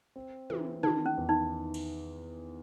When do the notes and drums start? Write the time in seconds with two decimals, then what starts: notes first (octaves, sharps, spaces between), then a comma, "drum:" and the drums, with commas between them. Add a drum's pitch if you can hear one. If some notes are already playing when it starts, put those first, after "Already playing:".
0.16 C4
0.50 E3, drum: tom
0.83 D#3 D#4, drum: tom
1.06 C#4
1.17 E2
1.29 D#4
1.74 drum: cymbal